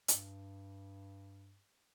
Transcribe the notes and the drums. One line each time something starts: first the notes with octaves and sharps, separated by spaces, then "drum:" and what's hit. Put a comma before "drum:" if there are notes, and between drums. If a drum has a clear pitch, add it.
G2, drum: hi-hat